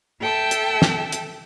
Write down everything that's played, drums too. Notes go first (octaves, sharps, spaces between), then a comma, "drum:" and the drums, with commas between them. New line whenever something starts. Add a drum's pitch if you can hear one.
A4 E5 G5 A5 E6
drum: hi-hat
drum: snare
drum: hi-hat